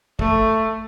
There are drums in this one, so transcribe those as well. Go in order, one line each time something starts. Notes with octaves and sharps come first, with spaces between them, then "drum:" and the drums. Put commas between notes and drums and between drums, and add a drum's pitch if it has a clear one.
A3, drum: kick